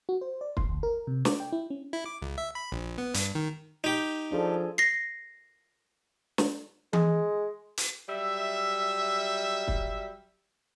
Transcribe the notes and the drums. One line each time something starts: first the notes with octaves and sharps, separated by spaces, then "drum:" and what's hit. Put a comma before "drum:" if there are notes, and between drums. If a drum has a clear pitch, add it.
F#4
C5
D5
C6, drum: kick
D2
A#4
C3
D6, drum: snare
G5
E4
C#4
E4
D6
C#2
E5
B5
A#1
B3
G2, drum: hi-hat
D#3
D#4 G4
F3 D4 G#4 A4
A#6 C7
drum: snare
G#3, drum: tom E3
drum: hi-hat
F#3 G3 E5
drum: kick